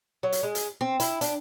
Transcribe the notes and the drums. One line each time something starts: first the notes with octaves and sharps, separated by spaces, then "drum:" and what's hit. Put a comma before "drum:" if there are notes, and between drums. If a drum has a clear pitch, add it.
F#3
drum: hi-hat
G#3
drum: hi-hat
C4
E4, drum: hi-hat
D4, drum: hi-hat